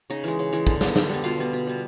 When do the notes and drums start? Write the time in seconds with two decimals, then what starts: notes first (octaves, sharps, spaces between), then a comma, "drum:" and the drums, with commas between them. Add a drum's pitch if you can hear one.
0.10 C#3 D#4 D#5
0.24 E3 G#3
0.39 C#3
0.53 E3 G#3
0.67 D3, drum: kick
0.81 G3 B3, drum: snare
0.96 D3, drum: snare
1.09 G3 B3
1.24 B2 F4 F5
1.38 G3 B3
1.53 B2
1.67 G3 B3